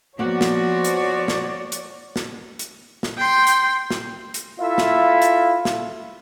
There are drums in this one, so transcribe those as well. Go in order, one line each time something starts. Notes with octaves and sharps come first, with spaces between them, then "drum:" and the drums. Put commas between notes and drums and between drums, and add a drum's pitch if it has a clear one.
F3 A#3 B3 F#4 C#5 D5 F#5
drum: snare
drum: hi-hat
drum: snare
drum: hi-hat
drum: snare
drum: hi-hat
drum: snare
G5 C6
drum: hi-hat
drum: snare
drum: hi-hat
E4 F4 A4 E5 F5
drum: snare
drum: hi-hat
drum: snare